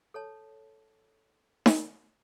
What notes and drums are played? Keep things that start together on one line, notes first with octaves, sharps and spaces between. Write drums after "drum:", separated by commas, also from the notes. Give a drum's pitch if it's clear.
A4 C#5 A5
drum: snare D#4